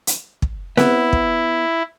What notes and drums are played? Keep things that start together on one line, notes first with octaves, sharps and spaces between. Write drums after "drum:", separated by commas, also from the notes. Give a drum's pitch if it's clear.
drum: hi-hat
drum: kick
B3 E4, drum: snare C4
drum: kick